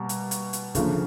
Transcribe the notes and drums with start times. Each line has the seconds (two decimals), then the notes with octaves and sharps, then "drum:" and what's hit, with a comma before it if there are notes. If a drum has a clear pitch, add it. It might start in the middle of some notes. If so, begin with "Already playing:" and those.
Already playing: B2 G3 A#3 A#5
0.09 drum: hi-hat
0.31 drum: hi-hat
0.53 drum: hi-hat
0.75 D2 C#3 F3 A#3 D4, drum: kick, hi-hat